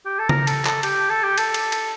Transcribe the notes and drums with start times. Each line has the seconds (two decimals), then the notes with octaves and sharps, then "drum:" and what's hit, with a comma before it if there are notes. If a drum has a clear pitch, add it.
0.05 G4
0.18 A4
0.29 A#4, drum: tom C#3
0.47 A4, drum: cymbal
0.65 A4, drum: clap
0.83 G4, drum: cymbal
1.10 A4
1.23 G4
1.38 A4, drum: cymbal
1.54 drum: cymbal
1.72 drum: cymbal